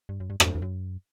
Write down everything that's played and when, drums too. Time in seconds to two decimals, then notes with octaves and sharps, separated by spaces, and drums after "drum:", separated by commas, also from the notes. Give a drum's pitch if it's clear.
0.09 G2
0.20 F#2
0.30 G2
0.40 G2, drum: rim click
0.47 F#2
0.55 E2
0.62 F#2